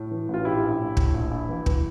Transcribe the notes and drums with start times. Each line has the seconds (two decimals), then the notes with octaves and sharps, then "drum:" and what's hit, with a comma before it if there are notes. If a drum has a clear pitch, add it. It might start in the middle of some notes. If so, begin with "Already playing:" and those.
Already playing: A2
0.11 E3
0.29 A1
0.34 F4
0.45 A#1 E4 G4
0.63 A#1
0.79 A2
0.97 A2, drum: kick
1.14 A#1
1.31 A#1
1.49 E3
1.66 E3, drum: kick